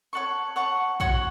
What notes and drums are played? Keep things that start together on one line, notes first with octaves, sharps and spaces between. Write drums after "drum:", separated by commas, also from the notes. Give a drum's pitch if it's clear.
C#5 F#5 A5 C#6
C#5 F#5 A5 C#6
F#4 C#5 F#5 C#6, drum: kick